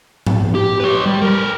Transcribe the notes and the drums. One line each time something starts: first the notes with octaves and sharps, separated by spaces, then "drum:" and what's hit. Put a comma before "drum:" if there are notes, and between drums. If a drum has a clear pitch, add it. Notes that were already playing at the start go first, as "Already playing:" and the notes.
drum: tom
G4
B4 C#5
G3
A#4 B4